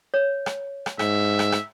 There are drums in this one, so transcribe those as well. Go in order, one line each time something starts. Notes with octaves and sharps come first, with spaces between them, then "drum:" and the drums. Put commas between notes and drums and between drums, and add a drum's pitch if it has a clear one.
C#5
drum: rim click
drum: rim click
G#2 E5, drum: rim click
drum: rim click
drum: rim click